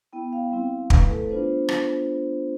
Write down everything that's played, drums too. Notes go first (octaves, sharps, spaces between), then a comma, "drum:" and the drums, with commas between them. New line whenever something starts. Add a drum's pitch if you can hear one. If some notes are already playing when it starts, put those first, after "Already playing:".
B3 E4 G5
F5
G3 C4 E4
A3 E4 B4, drum: kick
A4
G3 B3 D4 F4 C5
drum: rim click